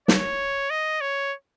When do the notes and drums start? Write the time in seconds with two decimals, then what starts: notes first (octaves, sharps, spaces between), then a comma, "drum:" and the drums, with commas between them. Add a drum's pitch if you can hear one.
0.08 C#5, drum: snare
0.70 D#5
1.01 C#5